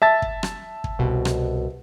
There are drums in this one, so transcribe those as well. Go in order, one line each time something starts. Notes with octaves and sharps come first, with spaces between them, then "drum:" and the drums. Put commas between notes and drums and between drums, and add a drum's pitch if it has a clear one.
E5 A5 A6
drum: kick
drum: rim click
drum: kick
C2 B2
drum: rim click